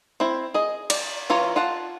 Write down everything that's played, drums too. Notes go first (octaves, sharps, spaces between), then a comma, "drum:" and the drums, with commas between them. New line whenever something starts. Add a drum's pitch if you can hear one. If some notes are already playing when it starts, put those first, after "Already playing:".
C4 E4
G#4 D#5
D5, drum: cymbal
E3 F4 C#5 A#5
F4 F#5 A5